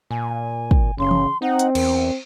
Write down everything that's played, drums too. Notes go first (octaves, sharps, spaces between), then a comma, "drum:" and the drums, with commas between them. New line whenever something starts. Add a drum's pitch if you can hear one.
A#2 G#5
drum: kick
F#1 C#3 C6
drum: tom E3
C4 D#4 F#5
drum: hi-hat
E2 A#4, drum: cymbal